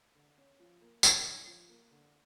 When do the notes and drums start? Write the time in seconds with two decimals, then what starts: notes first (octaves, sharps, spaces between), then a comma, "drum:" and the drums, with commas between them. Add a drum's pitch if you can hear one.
0.15 D3
0.38 C#4
0.60 F3
0.82 A#3
1.03 D3, drum: tambourine
1.25 C#4
1.47 F3
1.69 A#3
1.91 D3